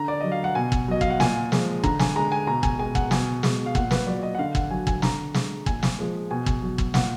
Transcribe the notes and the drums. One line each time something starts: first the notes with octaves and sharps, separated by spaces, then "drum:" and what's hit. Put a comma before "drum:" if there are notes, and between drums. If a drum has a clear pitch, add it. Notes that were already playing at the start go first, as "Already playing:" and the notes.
Already playing: D3 A#5
D5
F#3 D#5
F5
F#5
B2 G#5
drum: kick
F#3 D#5
F5, drum: kick
F#5
A#2 G#5, drum: snare
F3 G#3, drum: snare
D3 A#5, drum: kick
G#5, drum: snare
G#3 A#5
G#5
B2 A#5
G#5, drum: kick
G#3 G#5
F#5, drum: kick
B2 G#5, drum: snare
G#3, drum: snare
F5
A#2 F#5, drum: kick
B4, drum: snare
F#3 D5
D#5
F#5
D3 F5
F#5, drum: kick
F#3 G#5
G#5, drum: kick
D3 A#5, drum: snare
G#3, drum: snare
A#2 G#5, drum: kick
drum: snare
F3 G#3
B2 G#5
drum: kick
F#3
drum: kick
A#2 F#5, drum: snare